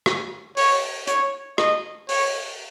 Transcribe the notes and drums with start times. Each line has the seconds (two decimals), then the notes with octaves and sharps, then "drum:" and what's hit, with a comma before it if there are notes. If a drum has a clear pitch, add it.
0.06 drum: rim click
0.57 C#5, drum: open hi-hat
1.07 C#5, drum: hi-hat
1.58 D#5, drum: rim click
2.09 C#5, drum: open hi-hat